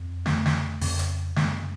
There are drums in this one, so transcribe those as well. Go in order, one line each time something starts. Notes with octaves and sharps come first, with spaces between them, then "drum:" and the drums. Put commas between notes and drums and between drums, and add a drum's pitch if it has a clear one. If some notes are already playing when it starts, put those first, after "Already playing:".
Already playing: F2
F2 C#3 A3 B3, drum: snare
drum: snare
F2 C#3, drum: open hi-hat
drum: hi-hat
F#2 C#3 G#3 A#3, drum: snare